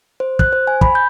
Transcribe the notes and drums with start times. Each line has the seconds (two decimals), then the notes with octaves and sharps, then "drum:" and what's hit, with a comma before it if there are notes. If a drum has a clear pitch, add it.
0.20 C5
0.39 F#6, drum: kick
0.53 C5
0.67 G#5
0.81 B5, drum: kick
0.95 G6